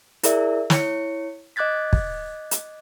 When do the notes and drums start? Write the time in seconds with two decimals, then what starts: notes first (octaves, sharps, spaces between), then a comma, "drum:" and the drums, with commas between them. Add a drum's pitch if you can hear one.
0.23 E4 G#4 A#4 D5 E5, drum: hi-hat
0.70 E4 C#5 C#7, drum: snare
1.56 D#5 D6 F#6 G#6 A6 B6
1.93 drum: kick
2.51 drum: hi-hat